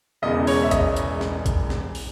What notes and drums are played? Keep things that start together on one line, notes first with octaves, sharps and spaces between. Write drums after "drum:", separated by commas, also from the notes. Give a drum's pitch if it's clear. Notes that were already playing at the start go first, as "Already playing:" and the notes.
E1 E2 C#3 G#3 D#5
C#5, drum: open hi-hat
E5
D#5, drum: kick A#1, hi-hat
drum: hi-hat
drum: snare
drum: kick A#1, hi-hat
drum: snare
drum: open hi-hat